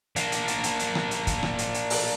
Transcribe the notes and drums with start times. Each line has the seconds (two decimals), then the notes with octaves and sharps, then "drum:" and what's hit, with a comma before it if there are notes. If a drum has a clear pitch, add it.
0.16 A#3 D4, drum: hi-hat
0.32 drum: hi-hat
0.48 drum: hi-hat
0.64 drum: hi-hat
0.79 drum: hi-hat
0.95 drum: rim click
1.11 drum: hi-hat
1.27 drum: kick, hi-hat
1.43 drum: rim click
1.58 drum: hi-hat
1.74 drum: hi-hat
1.90 drum: open hi-hat